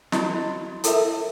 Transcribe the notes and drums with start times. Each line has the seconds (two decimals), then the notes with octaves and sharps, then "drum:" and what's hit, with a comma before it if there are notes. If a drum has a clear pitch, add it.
0.12 E4 F#4 D#5 B5, drum: snare
0.84 E4 A4 A#4 E5, drum: hi-hat